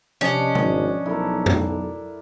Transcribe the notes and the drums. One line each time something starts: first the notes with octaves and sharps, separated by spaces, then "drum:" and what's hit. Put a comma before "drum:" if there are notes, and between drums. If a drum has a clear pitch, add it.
C3 F3 C#4 D4 D#5
G#1, drum: tom
B1 E4 A4 A#4
drum: tom F2